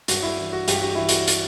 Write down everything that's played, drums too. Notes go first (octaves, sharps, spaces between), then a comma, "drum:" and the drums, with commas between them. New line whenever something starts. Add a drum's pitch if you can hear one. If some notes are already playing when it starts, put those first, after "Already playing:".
G2 F#4, drum: hi-hat
E4
E3
F#4
G2 G4, drum: hi-hat
F#4
E3 E4
F#4, drum: hi-hat
drum: hi-hat